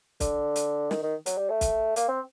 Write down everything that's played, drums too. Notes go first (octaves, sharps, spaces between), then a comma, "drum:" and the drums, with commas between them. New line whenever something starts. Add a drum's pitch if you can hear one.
D3, drum: kick, hi-hat
drum: hi-hat
D#3, drum: snare
D#3
F#3, drum: hi-hat
G3
A3
drum: kick, hi-hat
A#3, drum: hi-hat
C4